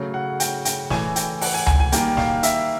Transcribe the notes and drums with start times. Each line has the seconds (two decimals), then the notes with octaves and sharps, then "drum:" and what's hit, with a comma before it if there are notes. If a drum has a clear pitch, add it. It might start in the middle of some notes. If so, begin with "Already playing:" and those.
Already playing: C#3 F#3 A3 C#4
0.14 F#5
0.40 G5, drum: hi-hat
0.65 G5, drum: hi-hat
0.90 E3 A3 C#4 G#5, drum: snare
1.16 G5, drum: hi-hat
1.41 F#5, drum: open hi-hat
1.54 G#5
1.66 G#5, drum: tom C#2
1.80 G#5
1.92 D#3 G3 A#3 G5, drum: hi-hat
2.17 F5, drum: snare
2.43 E5, drum: hi-hat